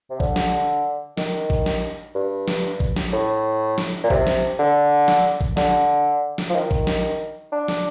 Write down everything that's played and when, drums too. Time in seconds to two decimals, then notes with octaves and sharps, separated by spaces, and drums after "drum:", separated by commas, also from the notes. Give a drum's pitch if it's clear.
0.11 C3
0.20 D3, drum: kick A1
0.36 drum: snare
1.17 D#3, drum: snare
1.50 drum: kick A1
1.66 drum: snare
2.15 G2
2.48 drum: snare
2.80 drum: kick A1
2.96 drum: snare
3.13 A2
3.78 drum: snare
4.04 A#2
4.10 C3, drum: kick A1
4.27 drum: snare
4.59 D3
5.08 drum: snare
5.41 drum: kick A1
5.57 D3, drum: snare
6.38 drum: snare
6.50 F3
6.55 D#3
6.71 drum: kick A1
6.87 drum: snare
7.52 D4
7.68 drum: snare